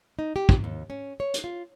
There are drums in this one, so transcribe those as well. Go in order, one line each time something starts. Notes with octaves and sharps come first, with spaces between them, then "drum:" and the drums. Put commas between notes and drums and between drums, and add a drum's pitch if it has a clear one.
D#4
G4
drum: kick
D#2
C#4
C#5
drum: hi-hat
F4